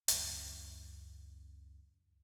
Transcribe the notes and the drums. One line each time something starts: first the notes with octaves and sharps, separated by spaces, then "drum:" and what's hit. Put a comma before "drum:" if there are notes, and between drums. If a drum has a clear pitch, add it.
C#2 F#2, drum: hi-hat